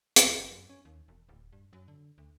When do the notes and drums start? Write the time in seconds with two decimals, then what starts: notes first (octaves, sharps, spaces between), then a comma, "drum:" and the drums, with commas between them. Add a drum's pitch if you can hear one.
0.16 D#2, drum: hi-hat
0.34 G1
0.51 F#2
0.69 C#4
0.85 D#2
1.08 E1
1.29 D1
1.53 G2
1.73 F#2
1.88 D3
2.18 D2